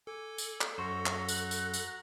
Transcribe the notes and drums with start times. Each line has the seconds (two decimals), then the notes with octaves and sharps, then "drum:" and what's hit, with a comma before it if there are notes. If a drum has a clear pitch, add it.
0.07 A4 G#5 D6
0.38 drum: tambourine
0.61 drum: clap
0.78 F#2 F#4 C5 A#5 C#6
1.06 drum: clap
1.28 F#6, drum: tambourine
1.51 drum: tambourine
1.74 drum: tambourine